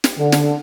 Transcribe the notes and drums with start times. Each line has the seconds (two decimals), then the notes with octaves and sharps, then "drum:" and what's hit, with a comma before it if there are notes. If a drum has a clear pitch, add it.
0.04 drum: snare
0.19 D3
0.32 drum: snare